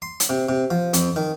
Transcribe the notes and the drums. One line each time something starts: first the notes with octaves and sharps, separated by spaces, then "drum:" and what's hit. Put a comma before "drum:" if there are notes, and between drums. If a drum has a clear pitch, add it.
C6
drum: hi-hat
C3
C3
F3
F2, drum: hi-hat
D#3